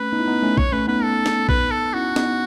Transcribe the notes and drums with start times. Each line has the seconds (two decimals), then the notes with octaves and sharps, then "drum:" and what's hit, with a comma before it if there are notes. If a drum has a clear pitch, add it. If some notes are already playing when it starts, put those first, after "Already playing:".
Already playing: A3 C#4 B4
0.13 B3 D#4
0.20 E4
0.27 B3 D#4
0.42 A3 C#4
0.58 C#5, drum: kick B1
0.72 A3 C#4 B4
0.87 B3 D#4 B4
1.03 A4
1.26 drum: snare
1.49 B4, drum: kick B1
1.71 A4
1.94 C#4 E4 F#4
2.16 B3 D#4, drum: snare